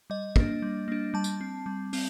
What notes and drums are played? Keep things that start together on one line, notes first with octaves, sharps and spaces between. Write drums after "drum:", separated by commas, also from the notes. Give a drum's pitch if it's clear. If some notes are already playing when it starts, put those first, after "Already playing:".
G3 D#5
A#3 D4, drum: kick
G3
A#3 D4
G3 A5
drum: tambourine
C4
G3
C4, drum: open hi-hat